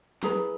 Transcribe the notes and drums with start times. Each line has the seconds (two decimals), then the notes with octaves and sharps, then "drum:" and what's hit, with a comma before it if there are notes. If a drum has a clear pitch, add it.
0.23 E4 G#4 B4 A#5, drum: snare